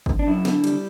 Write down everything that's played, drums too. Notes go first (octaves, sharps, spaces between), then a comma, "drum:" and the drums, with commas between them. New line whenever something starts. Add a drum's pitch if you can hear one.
drum: kick
D4
F#2 E4
D3, drum: snare
G3, drum: cymbal